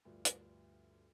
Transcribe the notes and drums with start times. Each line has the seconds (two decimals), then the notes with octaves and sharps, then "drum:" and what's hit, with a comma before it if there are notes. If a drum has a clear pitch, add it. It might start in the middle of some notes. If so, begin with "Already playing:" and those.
0.05 D2 G2 F3
0.25 drum: hi-hat